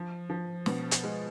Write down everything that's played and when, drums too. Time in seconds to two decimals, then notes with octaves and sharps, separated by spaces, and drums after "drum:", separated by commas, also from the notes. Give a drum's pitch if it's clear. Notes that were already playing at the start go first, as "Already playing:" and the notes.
Already playing: F3
0.30 F3
0.66 B2, drum: snare
0.91 drum: hi-hat
1.04 G#3